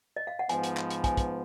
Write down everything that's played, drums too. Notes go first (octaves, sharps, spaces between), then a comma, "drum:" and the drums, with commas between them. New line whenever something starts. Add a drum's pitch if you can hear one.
D#5
F5
F#5
G#2 F3 B3 G#5, drum: hi-hat
drum: hi-hat
drum: clap
drum: hi-hat
G#5, drum: kick, hi-hat
drum: kick, hi-hat